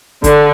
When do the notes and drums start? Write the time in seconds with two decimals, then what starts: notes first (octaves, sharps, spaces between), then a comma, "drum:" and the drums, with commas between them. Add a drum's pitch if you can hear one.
0.24 D3, drum: kick, hi-hat